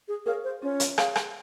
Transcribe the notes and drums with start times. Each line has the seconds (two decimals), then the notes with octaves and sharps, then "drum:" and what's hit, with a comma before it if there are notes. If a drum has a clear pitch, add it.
0.08 G#4
0.26 G#4 A#4 C#5 F5
0.44 C5
0.62 C#4 F4
0.80 drum: hi-hat
0.98 G#4 C#5 F5, drum: rim click
1.16 drum: rim click